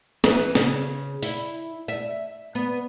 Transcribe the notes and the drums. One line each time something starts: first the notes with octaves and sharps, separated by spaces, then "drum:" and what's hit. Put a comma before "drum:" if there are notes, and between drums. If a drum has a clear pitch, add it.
E3, drum: snare
C#3, drum: snare
E4, drum: open hi-hat
E5
B3